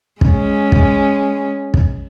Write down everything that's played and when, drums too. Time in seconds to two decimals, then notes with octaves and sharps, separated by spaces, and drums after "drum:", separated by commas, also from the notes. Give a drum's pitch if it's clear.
0.21 G#3 C#4, drum: kick
0.72 drum: kick
1.74 drum: kick